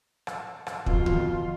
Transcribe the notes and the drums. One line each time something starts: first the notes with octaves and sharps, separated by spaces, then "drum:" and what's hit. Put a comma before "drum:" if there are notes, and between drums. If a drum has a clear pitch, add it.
drum: rim click
drum: rim click
F2 B2 F4, drum: kick
drum: tom D3